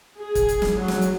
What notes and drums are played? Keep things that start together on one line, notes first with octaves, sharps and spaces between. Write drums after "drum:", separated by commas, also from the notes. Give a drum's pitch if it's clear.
G#4
drum: kick, hi-hat
drum: hi-hat
drum: snare
F#3
drum: snare
drum: hi-hat